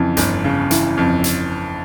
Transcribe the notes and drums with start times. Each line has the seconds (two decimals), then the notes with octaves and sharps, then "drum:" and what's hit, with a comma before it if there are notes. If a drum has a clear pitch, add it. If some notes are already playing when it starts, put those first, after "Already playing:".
Already playing: F2 C#3 E3
0.17 G1, drum: hi-hat
0.44 C#3
0.71 E3, drum: hi-hat
0.97 F2
1.24 drum: hi-hat